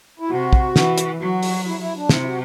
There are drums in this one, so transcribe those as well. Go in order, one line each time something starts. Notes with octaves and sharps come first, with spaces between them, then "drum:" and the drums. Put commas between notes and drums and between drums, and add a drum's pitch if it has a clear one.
E4
C3 F#4
drum: kick
E3, drum: snare
drum: hi-hat
F#3 F#4
drum: open hi-hat
E4
E4
D4
C3 E4, drum: snare
E4
F#4